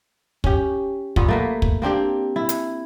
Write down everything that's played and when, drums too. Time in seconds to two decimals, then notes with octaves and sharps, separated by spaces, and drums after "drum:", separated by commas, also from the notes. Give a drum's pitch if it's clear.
0.44 C#4 G4, drum: kick
1.16 A#2 B3, drum: kick
1.28 A3 A#3 B4
1.62 drum: kick
1.82 A#3 C4 D4 G4
2.36 E4
2.49 drum: hi-hat